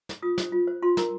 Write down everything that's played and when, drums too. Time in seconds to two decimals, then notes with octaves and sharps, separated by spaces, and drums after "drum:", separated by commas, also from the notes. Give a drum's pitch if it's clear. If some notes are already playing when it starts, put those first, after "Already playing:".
0.09 drum: snare
0.22 F4 D#6
0.38 C5, drum: snare
0.52 F4
0.67 C5
0.83 F4 C6
0.97 A#4 A#5, drum: snare